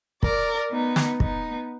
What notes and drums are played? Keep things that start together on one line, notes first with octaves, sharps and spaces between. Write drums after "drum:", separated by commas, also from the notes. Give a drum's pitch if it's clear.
A#4 D5, drum: kick
B3 D#4
drum: snare
B3 D#4, drum: kick